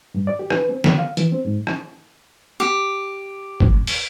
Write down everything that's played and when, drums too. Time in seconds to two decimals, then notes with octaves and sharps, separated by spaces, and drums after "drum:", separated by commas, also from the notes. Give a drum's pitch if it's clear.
0.14 G2
0.27 D5
0.39 G4
0.50 B4, drum: rim click
0.69 C4
0.84 D3, drum: snare
0.98 F5
1.17 E3, drum: hi-hat
1.32 C4
1.45 G#2
1.67 drum: rim click
2.60 G4
3.60 drum: kick G1
3.87 drum: open hi-hat